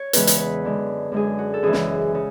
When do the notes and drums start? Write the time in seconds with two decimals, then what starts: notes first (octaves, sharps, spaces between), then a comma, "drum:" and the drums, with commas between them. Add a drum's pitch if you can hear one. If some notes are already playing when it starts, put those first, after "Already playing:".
Already playing: C#5
0.13 E2 C#3 E3 G#3 B4, drum: hi-hat
0.27 C#5, drum: hi-hat
0.40 B4
0.64 F#2 D3 G#3
1.12 F#2 D3 G#3 G#4
1.39 F#4
1.54 A4
1.63 F#2 C#3 E3 G#3 G#4
1.73 drum: snare
2.15 C#3